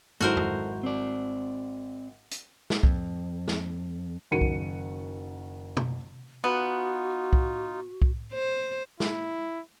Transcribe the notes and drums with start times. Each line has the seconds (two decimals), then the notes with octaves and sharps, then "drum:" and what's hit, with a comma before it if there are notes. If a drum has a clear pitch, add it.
0.21 G#1 F#3 E4 F#4 A4 A#4 C5
0.37 drum: tom F2
0.83 C4 D5
2.31 drum: hi-hat
2.70 drum: snare
2.83 F2, drum: kick
3.48 drum: snare
4.31 F#1 D#3 F#4 A#4 C#7 D#7
4.41 drum: kick
5.77 drum: tom B2
6.44 B3 D#4 F4 F#4 F#5
7.33 drum: kick
8.02 drum: kick
8.33 C5
9.00 E4, drum: snare